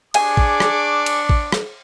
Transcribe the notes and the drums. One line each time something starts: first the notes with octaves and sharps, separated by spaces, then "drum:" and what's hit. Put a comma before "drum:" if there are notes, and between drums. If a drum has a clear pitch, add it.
D4 G#4 G#5 C#6 D6, drum: cymbal
drum: kick A1
drum: rim click
drum: cymbal
drum: kick A1
drum: rim click